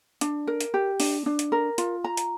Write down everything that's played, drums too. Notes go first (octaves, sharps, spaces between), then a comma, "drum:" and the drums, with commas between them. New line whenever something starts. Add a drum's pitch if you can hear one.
D4, drum: hi-hat
A#4
drum: hi-hat
G4
D4, drum: open hi-hat
D4
drum: hi-hat
A#4
F4, drum: hi-hat
A#5
drum: hi-hat